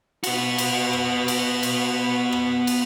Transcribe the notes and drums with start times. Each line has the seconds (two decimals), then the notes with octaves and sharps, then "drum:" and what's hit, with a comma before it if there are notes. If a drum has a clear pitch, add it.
0.24 B3 F#4, drum: cymbal
0.58 drum: cymbal
0.93 drum: rim click
1.28 drum: cymbal
1.63 drum: cymbal
2.32 drum: rim click
2.67 drum: cymbal